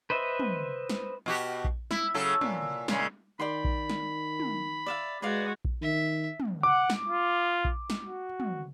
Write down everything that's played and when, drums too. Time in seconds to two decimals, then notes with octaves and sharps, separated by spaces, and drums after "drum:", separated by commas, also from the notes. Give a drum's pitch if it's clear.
0.10 B4 C5 D#5 E5
0.39 drum: tom
0.90 drum: snare
1.26 B2 F#4 G4
1.65 drum: kick A#1
1.91 E4, drum: snare
2.14 C#3 F#3 A4
2.41 A#2, drum: tom
2.88 A#2 C#3 G#3, drum: snare
3.40 D#3 D5 G5 B5 C6
3.65 drum: kick A#1
3.90 drum: snare
4.40 drum: tom
4.86 D5 E5 F5
5.22 G#3 F#4 B4 D5 F5
5.65 drum: kick A#1
5.82 D#3 E5
6.40 drum: tom
6.63 F#5 D6
6.90 drum: snare
7.08 F4
7.65 drum: kick A#1
7.90 drum: snare
8.04 F#4
8.40 drum: tom